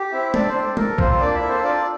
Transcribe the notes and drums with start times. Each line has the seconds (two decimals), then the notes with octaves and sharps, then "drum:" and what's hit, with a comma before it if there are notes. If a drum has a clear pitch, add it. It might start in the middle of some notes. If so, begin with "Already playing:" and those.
Already playing: G4
0.12 C4 E4 E5
0.34 D4 D5, drum: tom G#3
0.48 C4 C5
0.56 D4
0.63 A4
0.77 A4 A#4, drum: tom G#3
0.98 C4 F4 C5, drum: kick B1
1.20 A#3 D4 D5
1.35 E4 E5
1.42 A4
1.49 C4 C5
1.63 D4 F4 D5